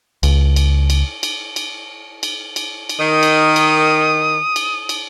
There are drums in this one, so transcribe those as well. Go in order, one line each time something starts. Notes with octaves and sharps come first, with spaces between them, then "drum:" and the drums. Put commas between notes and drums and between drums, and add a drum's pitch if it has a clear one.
C#2, drum: cymbal
drum: cymbal
drum: cymbal
drum: cymbal
drum: cymbal
drum: cymbal
drum: cymbal
drum: cymbal
D#3 D#6
drum: cymbal
drum: cymbal
drum: cymbal
drum: cymbal